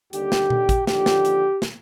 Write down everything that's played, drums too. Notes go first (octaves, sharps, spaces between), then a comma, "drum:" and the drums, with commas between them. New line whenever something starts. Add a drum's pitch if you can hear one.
D#2 D3 G3 G4, drum: hi-hat
drum: snare
drum: tom A#2
drum: kick, hi-hat
D#2 D3 F3 G4, drum: snare
drum: snare
drum: hi-hat
drum: snare